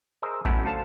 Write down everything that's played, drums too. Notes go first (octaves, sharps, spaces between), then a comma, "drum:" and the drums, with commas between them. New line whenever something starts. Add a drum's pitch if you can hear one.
G#4 A#4 C5 D#5 E5
F#2 A2 A3 B3 C#4 E4, drum: kick
D3 F#4 A4 C5 F5 A5